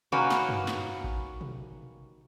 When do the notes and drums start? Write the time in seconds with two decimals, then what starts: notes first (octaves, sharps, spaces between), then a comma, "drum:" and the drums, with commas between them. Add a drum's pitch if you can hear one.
0.12 D#3 A#3 C#4 F#4 B4, drum: tom B2
0.30 drum: snare
0.49 drum: tom
0.67 drum: snare
1.04 drum: kick A1
1.41 drum: tom B2